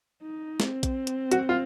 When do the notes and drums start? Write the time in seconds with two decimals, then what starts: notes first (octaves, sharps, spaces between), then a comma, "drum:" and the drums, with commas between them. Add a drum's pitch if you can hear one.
0.23 D#4
0.60 C4, drum: snare
0.83 drum: kick A#1, hi-hat
1.07 drum: hi-hat
1.32 F#4, drum: hi-hat
1.49 F4